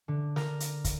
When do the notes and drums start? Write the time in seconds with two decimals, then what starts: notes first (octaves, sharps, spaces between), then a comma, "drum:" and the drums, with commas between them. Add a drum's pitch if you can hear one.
0.08 D3
0.36 A#4, drum: snare
0.60 drum: hi-hat
0.84 drum: kick, hi-hat